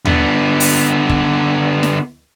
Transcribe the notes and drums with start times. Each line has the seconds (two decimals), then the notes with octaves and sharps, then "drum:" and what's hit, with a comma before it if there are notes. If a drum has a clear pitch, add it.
0.05 D3 B3, drum: tom D#2
0.60 drum: open hi-hat
1.09 drum: kick
1.83 drum: snare